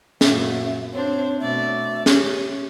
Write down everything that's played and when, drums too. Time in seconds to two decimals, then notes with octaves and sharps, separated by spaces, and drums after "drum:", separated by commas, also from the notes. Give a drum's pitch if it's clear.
0.21 F#2 A#2 E5, drum: snare
0.93 C4 D4 C5 C#5
1.39 B2 A3 D5 E5
2.06 C#4 G4, drum: snare